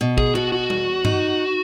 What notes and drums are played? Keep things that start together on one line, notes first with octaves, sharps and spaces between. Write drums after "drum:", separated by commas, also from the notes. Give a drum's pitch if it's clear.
B2
G#4, drum: kick
B2 F#4
F#4
E2, drum: tom G3
D#4, drum: tom G2